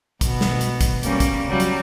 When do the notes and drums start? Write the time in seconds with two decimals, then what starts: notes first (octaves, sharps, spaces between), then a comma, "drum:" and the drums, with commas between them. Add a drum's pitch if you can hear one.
0.21 B2 B3, drum: kick, hi-hat
0.41 drum: snare
0.61 drum: hi-hat
0.81 drum: kick, hi-hat
1.03 G3 A#3 C#4, drum: hi-hat
1.20 drum: kick, hi-hat
1.47 C#3 F#3 G3
1.60 drum: hi-hat